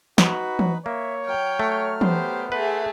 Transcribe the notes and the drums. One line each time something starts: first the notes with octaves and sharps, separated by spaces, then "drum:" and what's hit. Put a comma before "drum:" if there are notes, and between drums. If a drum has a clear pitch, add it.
D#4 F#4 B4 B5, drum: snare
drum: tom E3
A#3 C#5 E5
F#3 G5 F6
A3
B3 G4 C5, drum: tom E3
A3 G#4 B4 F#5 C6